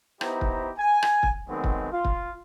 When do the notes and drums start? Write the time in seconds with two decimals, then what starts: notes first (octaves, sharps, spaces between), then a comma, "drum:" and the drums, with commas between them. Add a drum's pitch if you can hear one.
0.21 B3 D#4 E4 G4 C5 A#5, drum: rim click
0.41 drum: kick
0.78 G#5
1.03 drum: rim click
1.23 drum: kick
1.49 D#3 F#3 G#3 A3 B3 C4
1.64 drum: kick
1.92 F4
2.05 drum: kick